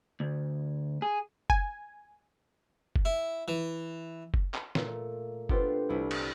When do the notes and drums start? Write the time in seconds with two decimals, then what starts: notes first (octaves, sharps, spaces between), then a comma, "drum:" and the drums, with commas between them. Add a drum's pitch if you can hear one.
0.20 D2
1.02 G#4
1.50 G#5, drum: kick F#1
2.96 drum: kick F#1
3.05 E4
3.48 E3
4.34 drum: kick F#1
4.54 drum: clap
4.75 A#2 A3, drum: snare
5.49 B3 D4 F4 G4 A4 C5, drum: kick F#1
5.89 C2 G3 E4
6.11 drum: cymbal